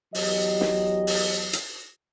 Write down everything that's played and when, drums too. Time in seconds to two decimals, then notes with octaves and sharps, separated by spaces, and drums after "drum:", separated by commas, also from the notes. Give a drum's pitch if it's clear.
0.15 E2 F#3 G4 D#5, drum: open hi-hat
0.61 drum: snare
1.07 drum: open hi-hat
1.53 drum: hi-hat